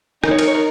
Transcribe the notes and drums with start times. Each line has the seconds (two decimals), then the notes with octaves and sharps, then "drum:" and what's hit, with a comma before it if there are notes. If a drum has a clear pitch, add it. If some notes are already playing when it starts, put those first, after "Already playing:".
0.24 D#4 A#4, drum: rim click
0.31 C#5
0.39 A#4, drum: cymbal
0.48 C#5
0.55 A#4